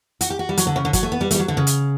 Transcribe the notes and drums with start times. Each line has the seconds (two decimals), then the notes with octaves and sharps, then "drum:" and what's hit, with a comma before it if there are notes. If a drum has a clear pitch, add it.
0.21 F#4, drum: hi-hat
0.30 G4
0.39 F#4
0.49 G3
0.57 F#3, drum: hi-hat
0.67 D3
0.76 C#3
0.85 D3
0.93 F#3, drum: kick, hi-hat
1.03 A3
1.12 B3
1.21 G3
1.31 A3, drum: hi-hat
1.35 G3
1.39 F#3
1.48 D3
1.57 C#3
1.67 drum: hi-hat